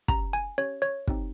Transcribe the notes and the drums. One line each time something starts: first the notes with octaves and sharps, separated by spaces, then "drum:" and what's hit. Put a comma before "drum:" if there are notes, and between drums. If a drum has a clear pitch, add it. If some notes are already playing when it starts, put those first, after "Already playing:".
C#4 G4 A#5, drum: kick
G#5
C#4 G4 C#5
C#5
C4 D#4 G4, drum: kick